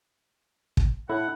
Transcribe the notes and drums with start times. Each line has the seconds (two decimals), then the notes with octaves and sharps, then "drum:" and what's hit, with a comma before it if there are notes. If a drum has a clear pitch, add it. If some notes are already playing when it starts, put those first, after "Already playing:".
0.77 drum: kick
1.10 A2 E4 F#5